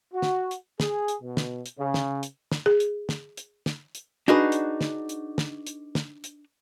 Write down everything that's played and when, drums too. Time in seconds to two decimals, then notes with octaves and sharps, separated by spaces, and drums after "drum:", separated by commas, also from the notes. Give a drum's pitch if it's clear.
0.13 F#4
0.22 drum: snare
0.51 drum: hi-hat
0.80 G#4, drum: snare
1.08 drum: hi-hat
1.22 B2
1.37 drum: snare
1.66 drum: hi-hat
1.78 C#3
1.94 drum: snare
2.23 drum: hi-hat
2.52 drum: snare
2.66 G#4
2.80 drum: hi-hat
3.09 drum: snare
3.37 drum: hi-hat
3.66 drum: snare
3.95 drum: hi-hat
4.28 D4 D#4 F#4 G#4 B4
4.52 drum: hi-hat
4.81 drum: snare
5.09 drum: hi-hat
5.38 drum: snare
5.67 drum: hi-hat
5.95 drum: snare
6.24 drum: hi-hat